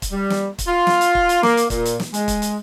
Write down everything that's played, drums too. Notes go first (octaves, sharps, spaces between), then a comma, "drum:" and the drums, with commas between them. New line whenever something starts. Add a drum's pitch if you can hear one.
drum: kick, hi-hat
G3
drum: snare
drum: kick, hi-hat
F4
drum: snare
drum: hi-hat
drum: kick
drum: hi-hat
A#3, drum: snare
drum: hi-hat
A#2, drum: kick, hi-hat
drum: hi-hat
drum: snare
G#3, drum: hi-hat
drum: kick, hi-hat
drum: hi-hat